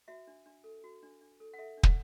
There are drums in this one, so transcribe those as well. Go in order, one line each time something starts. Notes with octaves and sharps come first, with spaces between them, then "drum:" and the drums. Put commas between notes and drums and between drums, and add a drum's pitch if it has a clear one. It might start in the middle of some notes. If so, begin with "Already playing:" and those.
F#4 E5
D4
D4
A4
F#4
D4
D4
A4
F#5
A4 E5
D4
D5 F#5, drum: kick